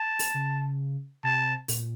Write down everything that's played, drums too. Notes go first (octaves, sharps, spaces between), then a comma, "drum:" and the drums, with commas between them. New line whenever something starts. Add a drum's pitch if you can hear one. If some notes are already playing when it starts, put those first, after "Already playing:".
Already playing: A5
drum: open hi-hat
C#3
C3 A5
A#2, drum: open hi-hat